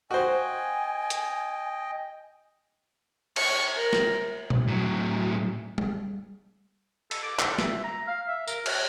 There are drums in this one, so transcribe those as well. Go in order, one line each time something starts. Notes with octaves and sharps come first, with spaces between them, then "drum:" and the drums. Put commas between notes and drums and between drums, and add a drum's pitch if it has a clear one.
F#4 C5 D#5 G5 G#5
drum: hi-hat
C#6, drum: cymbal
A#4
drum: snare
drum: tom A#2
A2 F#3
drum: tom G3
A4, drum: cymbal
D6
A4, drum: clap
E5, drum: snare
A#5
F5
E5
A#4, drum: tambourine
F#4, drum: cymbal